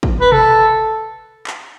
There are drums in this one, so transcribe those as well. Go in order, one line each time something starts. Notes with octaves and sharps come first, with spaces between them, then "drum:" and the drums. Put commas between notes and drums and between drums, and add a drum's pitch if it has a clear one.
drum: kick
B4
A4, drum: tom B2
drum: clap